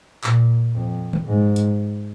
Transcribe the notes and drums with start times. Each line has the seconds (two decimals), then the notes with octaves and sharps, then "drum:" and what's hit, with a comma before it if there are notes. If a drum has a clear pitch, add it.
0.24 A#2, drum: clap
0.75 F2
1.13 drum: tom D3
1.27 G#2
1.56 drum: hi-hat